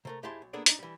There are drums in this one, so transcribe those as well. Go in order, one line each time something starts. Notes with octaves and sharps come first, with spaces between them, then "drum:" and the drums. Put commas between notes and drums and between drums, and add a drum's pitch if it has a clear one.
C3 A3 A#4
F2 E4 G4 G#4 A5 C6
B1
A#3 B3 D4 G#4 A4 D5
D4 D#4, drum: hi-hat
E3 G3